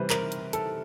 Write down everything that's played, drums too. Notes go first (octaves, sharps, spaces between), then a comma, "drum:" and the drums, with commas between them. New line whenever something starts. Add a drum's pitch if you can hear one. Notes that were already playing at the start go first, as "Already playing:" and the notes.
Already playing: C3 E3 G3 B4 C5
A#4, drum: clap
drum: hi-hat
A4, drum: hi-hat